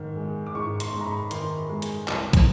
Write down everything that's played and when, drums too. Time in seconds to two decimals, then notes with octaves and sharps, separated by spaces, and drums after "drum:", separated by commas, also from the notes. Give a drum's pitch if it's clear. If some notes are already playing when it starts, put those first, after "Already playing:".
Already playing: G#2 D#3
0.16 G#3
0.47 D6
0.55 G#2 C#6
0.80 C6, drum: hi-hat
0.93 G#2
1.01 A#5
1.06 B5
1.31 D#3 C6, drum: hi-hat
1.69 G#3
1.82 drum: hi-hat
2.08 C2, drum: clap
2.33 drum: kick, hi-hat